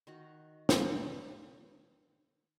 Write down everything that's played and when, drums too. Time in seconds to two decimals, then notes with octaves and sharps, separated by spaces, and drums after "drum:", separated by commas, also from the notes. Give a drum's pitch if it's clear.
0.07 D#3 F#4
0.69 drum: snare